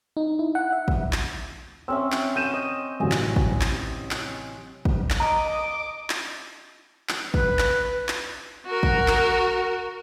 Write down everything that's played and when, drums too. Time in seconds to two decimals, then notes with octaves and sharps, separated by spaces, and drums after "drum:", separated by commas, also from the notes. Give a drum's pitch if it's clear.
0.17 D#4
0.39 E4
0.55 F#5
0.72 E5
0.88 drum: kick
1.13 drum: clap
1.88 C4 C#4 E5 E6
2.12 drum: clap
2.36 G6 D#7 E7
2.53 D#5
3.00 A1 C3 F#3 D#5 G#5
3.11 drum: clap
3.36 drum: kick
3.61 drum: clap
4.11 drum: clap
4.85 drum: kick
5.10 drum: clap
5.20 D#5 A#5 D6
6.10 drum: clap
7.09 drum: clap
7.34 B4, drum: kick
7.59 drum: clap
8.08 drum: clap
8.66 F#4 A#4
8.83 drum: kick
9.08 drum: clap